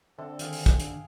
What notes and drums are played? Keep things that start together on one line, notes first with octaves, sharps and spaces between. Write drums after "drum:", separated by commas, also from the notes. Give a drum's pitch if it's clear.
D3 C4 A4 E5
D#3 G#4 F5 G5, drum: hi-hat
drum: open hi-hat
drum: kick, hi-hat
drum: hi-hat